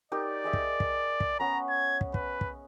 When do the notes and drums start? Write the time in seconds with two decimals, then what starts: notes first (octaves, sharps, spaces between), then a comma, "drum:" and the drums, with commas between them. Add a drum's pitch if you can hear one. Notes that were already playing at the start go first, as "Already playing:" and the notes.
0.12 D#4 G4 A#4 D5
0.44 G#4 D#5 E5
0.53 drum: kick
0.80 drum: kick
1.20 drum: kick
1.40 B3 C#4 A#5
1.69 G#6
2.01 drum: kick
2.14 B4, drum: kick
2.41 drum: kick